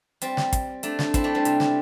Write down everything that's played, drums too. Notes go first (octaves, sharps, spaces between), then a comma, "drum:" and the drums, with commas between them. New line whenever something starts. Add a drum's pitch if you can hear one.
G3 C4, drum: hi-hat
drum: snare
drum: kick, hi-hat
A3 D4, drum: hi-hat
drum: snare
C4 E4, drum: kick, hi-hat
A3 D4
G3 C4
C3, drum: hi-hat
C3, drum: snare